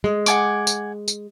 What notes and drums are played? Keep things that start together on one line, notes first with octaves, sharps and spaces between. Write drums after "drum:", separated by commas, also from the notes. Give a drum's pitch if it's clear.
G#3
F#5 G#5 D6, drum: tambourine
drum: tambourine
drum: tambourine